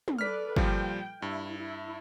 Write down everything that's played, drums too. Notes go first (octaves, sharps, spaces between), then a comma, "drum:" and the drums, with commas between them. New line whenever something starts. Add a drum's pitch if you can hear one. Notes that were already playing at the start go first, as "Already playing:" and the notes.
drum: tom
A4 B4 D5 F6 B6
A#2 F3 G3 G5, drum: kick
G2 E4
E4